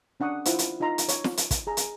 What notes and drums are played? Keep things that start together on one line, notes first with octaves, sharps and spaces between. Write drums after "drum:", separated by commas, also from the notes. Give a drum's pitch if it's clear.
C#4 D4 F#5 C#6 D#6
E4 F4 C5 F#5, drum: hi-hat
drum: hi-hat
D#4 F4 D#5 A#5 C6
drum: hi-hat
C#5, drum: hi-hat
drum: snare
drum: hi-hat
drum: kick, hi-hat
G#4 A#5
drum: hi-hat